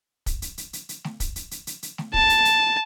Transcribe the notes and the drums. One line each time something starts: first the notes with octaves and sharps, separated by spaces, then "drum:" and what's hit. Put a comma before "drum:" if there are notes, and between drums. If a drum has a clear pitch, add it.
drum: kick, hi-hat
drum: hi-hat
drum: hi-hat
drum: hi-hat
drum: hi-hat
drum: snare A3
drum: kick, hi-hat
drum: hi-hat
drum: hi-hat
drum: hi-hat
drum: hi-hat
drum: snare A3
A5, drum: kick
drum: hi-hat
drum: hi-hat